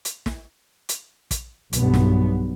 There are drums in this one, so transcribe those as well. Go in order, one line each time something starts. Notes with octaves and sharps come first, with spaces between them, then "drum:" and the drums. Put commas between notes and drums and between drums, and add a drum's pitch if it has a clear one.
drum: hi-hat
drum: snare
drum: hi-hat
drum: kick, hi-hat
B1 G2 B3, drum: hi-hat
drum: snare